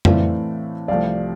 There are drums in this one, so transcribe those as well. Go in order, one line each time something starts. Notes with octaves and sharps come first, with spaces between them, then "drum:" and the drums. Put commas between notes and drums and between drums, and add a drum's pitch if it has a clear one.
A2 E3 A3 C4 D5 F5, drum: tom
C2 C3 F3 A3 D5 F5